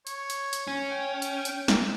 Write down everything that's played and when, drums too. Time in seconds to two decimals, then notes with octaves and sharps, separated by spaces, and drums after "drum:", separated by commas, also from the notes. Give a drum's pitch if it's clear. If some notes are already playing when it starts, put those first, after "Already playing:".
0.07 C#5, drum: hi-hat
0.30 drum: hi-hat
0.53 drum: hi-hat
0.67 C#4
0.90 G5
1.22 drum: hi-hat
1.45 drum: hi-hat
1.68 drum: snare